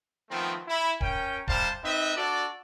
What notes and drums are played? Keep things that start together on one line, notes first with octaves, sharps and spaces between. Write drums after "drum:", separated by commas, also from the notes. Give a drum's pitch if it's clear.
D#3 F3 A3 B3 C4
E4
C#4 A#4 G5, drum: kick D1
C3 G3 C5 F5 A5, drum: kick D1
C4 D#4 B4 D#5 E5
D4 F#4 A4 D5